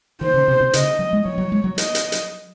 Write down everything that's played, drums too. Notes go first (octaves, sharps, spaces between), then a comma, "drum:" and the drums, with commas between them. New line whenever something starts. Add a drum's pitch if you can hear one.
D#3 C5
C#3
C3
C3
C#3 D#5, drum: hi-hat
F#3
G#3
F#3 C#5
F#3
G#3
F#3
D#5, drum: hi-hat
drum: hi-hat
drum: hi-hat